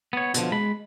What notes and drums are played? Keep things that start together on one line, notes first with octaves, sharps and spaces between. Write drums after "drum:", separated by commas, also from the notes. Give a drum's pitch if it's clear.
B3 C#5
B2 D3 F3, drum: hi-hat
G#3 B5